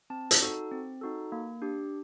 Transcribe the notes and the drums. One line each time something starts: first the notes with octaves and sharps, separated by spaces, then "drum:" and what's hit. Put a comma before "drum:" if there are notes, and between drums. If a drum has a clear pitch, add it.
C4 A5
drum: hi-hat
D#4 F#4 A4
C4
D#4 F#4 A4
A#3
D4 G4